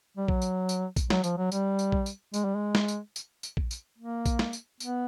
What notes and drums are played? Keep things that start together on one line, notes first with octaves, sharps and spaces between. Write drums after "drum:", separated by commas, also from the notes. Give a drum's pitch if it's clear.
G3
F#3, drum: kick A#1
drum: tambourine
drum: tambourine
drum: kick A#1, tambourine
F#3, drum: snare
F3, drum: tambourine
F#3
G3, drum: tambourine
drum: tambourine
drum: kick A#1
drum: tambourine
G#3, drum: tambourine
G3
G#3
drum: snare
drum: tambourine
drum: tambourine
drum: tambourine
drum: kick A#1
drum: tambourine
A#3
drum: kick A#1, tambourine
drum: snare
drum: tambourine
B3, drum: tambourine